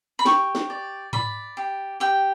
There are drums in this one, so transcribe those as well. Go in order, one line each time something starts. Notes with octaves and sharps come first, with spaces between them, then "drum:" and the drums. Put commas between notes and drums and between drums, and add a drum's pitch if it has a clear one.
B5
G4 C#6, drum: snare
drum: snare
D5
D5 B5, drum: tom G#2
G4
G4 G5